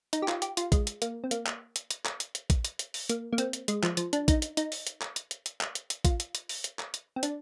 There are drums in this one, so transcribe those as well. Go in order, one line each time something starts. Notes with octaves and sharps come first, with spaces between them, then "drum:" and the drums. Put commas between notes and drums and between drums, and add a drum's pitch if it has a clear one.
D#4, drum: hi-hat
G4
F4, drum: clap
G4, drum: hi-hat
F4, drum: hi-hat
G#3, drum: kick A1, hi-hat
drum: hi-hat
A#3, drum: hi-hat
C4
A#3, drum: hi-hat
drum: clap
drum: hi-hat
drum: hi-hat
drum: clap
drum: hi-hat
drum: hi-hat
drum: kick A1, hi-hat
drum: hi-hat
drum: hi-hat
drum: open hi-hat
A#3, drum: hi-hat
A#3
C4, drum: hi-hat
drum: hi-hat
G#3, drum: hi-hat
F3, drum: clap
F3, drum: hi-hat
D4, drum: hi-hat
D#4, drum: kick A1, hi-hat
drum: hi-hat
D#4, drum: hi-hat
drum: open hi-hat
drum: hi-hat
drum: clap
drum: hi-hat
drum: hi-hat
drum: hi-hat
drum: clap
drum: hi-hat
drum: hi-hat
F4, drum: kick A1, hi-hat
drum: hi-hat
drum: hi-hat
drum: open hi-hat
drum: hi-hat
drum: clap
drum: hi-hat
C4
D4, drum: hi-hat